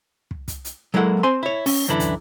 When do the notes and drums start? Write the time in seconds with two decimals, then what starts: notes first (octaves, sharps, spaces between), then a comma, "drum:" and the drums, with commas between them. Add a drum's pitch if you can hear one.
0.31 drum: kick
0.48 drum: kick, hi-hat
0.65 drum: hi-hat
0.94 F#3 G#3 A#3 E4 A4 F#5
1.23 C4 C5 G#5 C6
1.43 E4 C#5
1.66 C#4, drum: open hi-hat
1.88 F#2 D3 E3 D4 E4
2.00 drum: kick, hi-hat